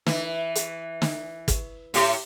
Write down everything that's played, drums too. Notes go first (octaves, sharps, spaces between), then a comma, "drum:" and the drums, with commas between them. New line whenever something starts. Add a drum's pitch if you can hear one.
E3, drum: snare
drum: hi-hat
drum: snare
drum: kick, hi-hat
A2 G4, drum: open hi-hat